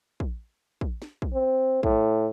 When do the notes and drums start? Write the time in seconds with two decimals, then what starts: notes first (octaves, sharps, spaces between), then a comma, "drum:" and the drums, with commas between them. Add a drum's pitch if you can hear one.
0.20 drum: kick
0.81 drum: kick
1.02 drum: snare
1.22 drum: kick
1.34 C4
1.83 A2, drum: kick